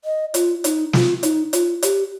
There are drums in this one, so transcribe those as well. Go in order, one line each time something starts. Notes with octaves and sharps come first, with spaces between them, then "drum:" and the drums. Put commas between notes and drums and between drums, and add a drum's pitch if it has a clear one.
D#5
F4, drum: hi-hat
D#4, drum: hi-hat
F4, drum: snare
D#4, drum: hi-hat
F4, drum: hi-hat
G4, drum: hi-hat